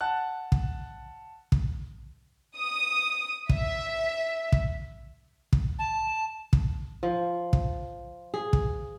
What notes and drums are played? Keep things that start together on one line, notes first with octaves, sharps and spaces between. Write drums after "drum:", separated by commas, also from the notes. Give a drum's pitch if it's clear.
F#5 A5 F#6
drum: kick
drum: kick
D#6
E5, drum: kick
drum: kick
drum: kick
A5
drum: kick
F3
drum: kick
G#4
drum: kick